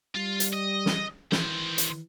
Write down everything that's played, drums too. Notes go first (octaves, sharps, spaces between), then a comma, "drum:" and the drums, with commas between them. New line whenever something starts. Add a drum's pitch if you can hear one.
G3 F4
drum: hi-hat
D#5
drum: snare
D#3 E3 C5, drum: snare
drum: hi-hat